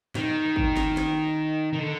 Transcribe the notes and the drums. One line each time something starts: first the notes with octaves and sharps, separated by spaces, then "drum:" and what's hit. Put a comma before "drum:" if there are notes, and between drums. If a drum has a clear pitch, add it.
D#3, drum: snare
drum: kick
drum: snare
drum: snare
D#3
D3